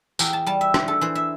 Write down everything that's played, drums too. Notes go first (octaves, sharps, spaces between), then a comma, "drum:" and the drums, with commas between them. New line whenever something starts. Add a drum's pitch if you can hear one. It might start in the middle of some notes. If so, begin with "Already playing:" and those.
E2 G5, drum: tambourine
A5
G3 A5
E5
D4 D5, drum: rim click
A4
E3 C5
E5